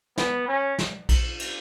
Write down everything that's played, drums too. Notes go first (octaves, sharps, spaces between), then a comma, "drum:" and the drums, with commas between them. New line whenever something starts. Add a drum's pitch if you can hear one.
B3, drum: snare
C#4
drum: snare
drum: kick A#1, cymbal
drum: cymbal